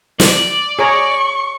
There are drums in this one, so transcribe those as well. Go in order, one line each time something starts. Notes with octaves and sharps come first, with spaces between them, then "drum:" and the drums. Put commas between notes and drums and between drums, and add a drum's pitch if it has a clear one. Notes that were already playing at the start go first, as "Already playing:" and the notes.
D5, drum: snare
G#4 C#5 A#5 C#6